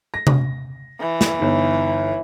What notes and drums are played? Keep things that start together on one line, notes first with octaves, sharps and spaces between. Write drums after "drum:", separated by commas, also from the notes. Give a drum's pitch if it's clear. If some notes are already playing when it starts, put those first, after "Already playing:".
A#6
drum: tom C3
E3
drum: snare
G1 D#4